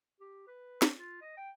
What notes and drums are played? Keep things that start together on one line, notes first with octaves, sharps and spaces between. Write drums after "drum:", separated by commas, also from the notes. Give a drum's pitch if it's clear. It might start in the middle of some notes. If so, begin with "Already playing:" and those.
G4
B4
drum: snare
F4
D#5
G5